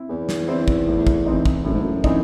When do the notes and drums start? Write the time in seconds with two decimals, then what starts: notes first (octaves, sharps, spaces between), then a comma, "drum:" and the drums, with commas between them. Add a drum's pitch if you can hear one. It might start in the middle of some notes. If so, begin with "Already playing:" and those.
Already playing: C4 E4
0.09 E2 E3
0.29 drum: snare
0.48 C4 E4 C5
0.68 drum: kick
0.87 A2
1.07 drum: kick
1.26 E3 C4 D#4
1.46 drum: kick
1.65 F#2 A2
1.74 G#2
1.82 F#2
2.04 E3 C4 D#4, drum: kick